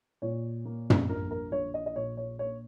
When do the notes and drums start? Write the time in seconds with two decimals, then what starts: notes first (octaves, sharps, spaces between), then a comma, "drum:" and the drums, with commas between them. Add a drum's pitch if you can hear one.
0.22 A#2 C#5
0.65 A#3
0.90 drum: tom
1.09 A#1 A#4
1.31 A#4
1.52 A#1 C#5
1.74 D#5
1.86 D#5
1.96 A#2 C#5
2.17 C#5
2.39 A#3 C#5